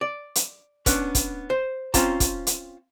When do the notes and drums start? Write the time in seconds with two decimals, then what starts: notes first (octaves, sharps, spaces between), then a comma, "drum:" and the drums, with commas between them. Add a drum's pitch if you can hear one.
0.01 D5
0.35 drum: hi-hat
0.86 B3 C#4 D4 B4, drum: kick, hi-hat
1.15 drum: kick, hi-hat
1.50 C5
1.94 C4 C#4 F4 C5 A5 A#5, drum: kick, hi-hat
2.20 drum: kick, hi-hat
2.47 drum: hi-hat